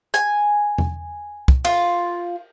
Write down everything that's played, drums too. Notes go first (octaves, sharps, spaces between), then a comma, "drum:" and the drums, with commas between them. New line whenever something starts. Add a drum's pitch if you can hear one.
G#5, drum: hi-hat
drum: tom E2
drum: kick
F4, drum: cymbal